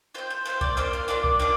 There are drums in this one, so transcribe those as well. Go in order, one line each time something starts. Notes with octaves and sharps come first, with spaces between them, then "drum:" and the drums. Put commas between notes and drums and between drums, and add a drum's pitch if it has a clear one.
C4 F4 C5
C5
C4 F4 C5
D5, drum: kick B1
A#3 D4 F4 C5
F5
A#3 D4 F4 D5
drum: kick B1
A#3 D4 F4 D5